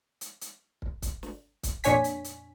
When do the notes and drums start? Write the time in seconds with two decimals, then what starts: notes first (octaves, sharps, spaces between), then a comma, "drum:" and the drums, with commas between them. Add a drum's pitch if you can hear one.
0.21 drum: hi-hat
0.41 drum: hi-hat
0.82 drum: kick
1.02 drum: kick, hi-hat
1.23 drum: snare
1.63 drum: kick, hi-hat
1.84 F2 A#2 D4 C#5 G#5 B6, drum: hi-hat
2.04 drum: hi-hat
2.24 drum: hi-hat